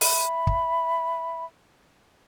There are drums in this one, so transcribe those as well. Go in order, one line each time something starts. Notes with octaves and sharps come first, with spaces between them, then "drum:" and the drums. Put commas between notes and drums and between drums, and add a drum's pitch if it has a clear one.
E5 B5, drum: open hi-hat
drum: kick